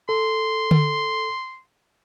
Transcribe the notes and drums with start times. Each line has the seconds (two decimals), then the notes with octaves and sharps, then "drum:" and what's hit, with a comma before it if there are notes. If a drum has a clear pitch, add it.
0.09 A4 C6
0.71 drum: tom D3